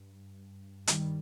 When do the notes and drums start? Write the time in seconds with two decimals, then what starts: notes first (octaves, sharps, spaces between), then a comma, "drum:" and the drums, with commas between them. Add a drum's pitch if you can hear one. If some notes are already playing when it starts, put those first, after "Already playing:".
Already playing: G2
0.87 D#3 G3, drum: hi-hat